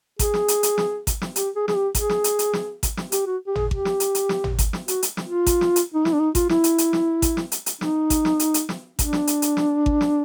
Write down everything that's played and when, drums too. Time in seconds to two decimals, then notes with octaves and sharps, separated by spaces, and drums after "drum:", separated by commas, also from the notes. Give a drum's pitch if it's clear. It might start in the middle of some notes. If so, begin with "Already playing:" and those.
0.19 G#4, drum: kick G#1, hi-hat
0.34 drum: snare
0.48 drum: hi-hat
0.63 drum: hi-hat
0.78 drum: snare
1.07 drum: kick G#1, hi-hat
1.22 drum: snare
1.36 G4, drum: hi-hat
1.56 G#4
1.68 G#4, drum: snare
1.75 G4
1.95 G#4, drum: kick G#1, hi-hat
2.09 drum: snare
2.24 drum: hi-hat
2.39 drum: hi-hat
2.53 drum: snare
2.83 drum: kick G#1, hi-hat
2.97 drum: snare
3.12 G4, drum: hi-hat
3.26 F#4
3.47 G4
3.55 G#4, drum: tom G#1
3.71 G4, drum: kick G#1
3.85 drum: snare
4.00 drum: hi-hat
4.15 drum: hi-hat
4.29 drum: snare
4.44 drum: tom G#1
4.59 drum: kick G#1, hi-hat
4.73 drum: snare
4.88 F#4, drum: hi-hat
5.02 drum: hi-hat
5.17 drum: snare
5.26 F4
5.46 drum: kick G#1, hi-hat
5.61 drum: snare
5.76 drum: hi-hat
5.94 D#4
6.05 E4, drum: snare
6.13 D4
6.20 D#4
6.35 F4, drum: kick G#1, hi-hat
6.49 E4, drum: snare
6.64 drum: hi-hat
6.78 drum: hi-hat
6.93 drum: snare
7.22 drum: kick G#1, hi-hat
7.37 drum: snare
7.52 drum: hi-hat
7.66 drum: hi-hat
7.81 D#4, drum: snare
8.10 drum: kick G#1, hi-hat
8.25 drum: snare
8.39 drum: hi-hat
8.54 drum: hi-hat
8.69 drum: snare
8.99 D4, drum: kick G#1, hi-hat
9.13 drum: snare
9.27 drum: hi-hat
9.42 drum: hi-hat
9.57 drum: snare
9.86 drum: kick G#1
10.01 drum: snare